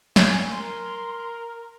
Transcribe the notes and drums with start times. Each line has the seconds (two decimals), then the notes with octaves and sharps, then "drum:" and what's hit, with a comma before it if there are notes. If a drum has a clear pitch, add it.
0.16 C#5 G#5, drum: snare
0.51 A#4 C6